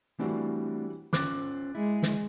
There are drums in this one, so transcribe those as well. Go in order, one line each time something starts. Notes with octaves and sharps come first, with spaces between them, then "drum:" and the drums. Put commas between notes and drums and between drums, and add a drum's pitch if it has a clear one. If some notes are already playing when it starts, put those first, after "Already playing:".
E3 G3 A3 C4 D4 F#4
C#4 F4 C5 D6 F#6 A6, drum: snare
G#3 E4
drum: snare